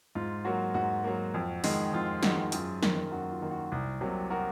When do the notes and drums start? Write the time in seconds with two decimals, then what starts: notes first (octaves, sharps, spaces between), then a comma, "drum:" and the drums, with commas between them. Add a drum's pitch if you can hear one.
0.15 G#2 F4
0.45 F#3 A#3 F#4
0.74 G#2 F#4
1.04 F#3 A#3
1.34 F2
1.64 D#3 G#3, drum: open hi-hat
1.93 F2 F4
2.23 D#3 G#3 F#4, drum: snare
2.52 F#2 F4 G#4, drum: hi-hat
2.83 D#3 A#3, drum: snare
3.11 F#2 F#4
3.32 F4
3.42 D#3 A#3
3.51 F#4
3.72 C2
4.01 C3 F#3 A#3
4.30 F#4 A#4